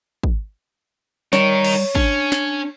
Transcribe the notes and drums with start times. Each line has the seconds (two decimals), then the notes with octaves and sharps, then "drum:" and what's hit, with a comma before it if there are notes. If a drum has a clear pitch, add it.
0.23 drum: kick
1.33 G3 D#4 A#4 C#5, drum: snare
1.64 drum: cymbal
1.95 C#4 D4, drum: kick
2.32 drum: snare